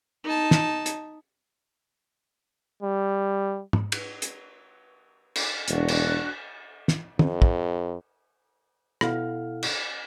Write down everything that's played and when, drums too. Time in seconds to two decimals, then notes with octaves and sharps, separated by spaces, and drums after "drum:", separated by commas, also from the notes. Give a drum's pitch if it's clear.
0.24 D#4 A5
0.51 drum: snare
0.86 drum: hi-hat
2.83 G3
3.73 drum: tom
3.92 drum: cymbal
4.22 drum: hi-hat
5.36 drum: cymbal
5.68 E1 D4 F#4 F#6, drum: hi-hat
5.88 drum: cymbal
6.88 drum: snare
7.19 F2, drum: tom
7.42 drum: kick
9.01 B2 E4 A4 F5 F#5 F6, drum: rim click
9.63 drum: cymbal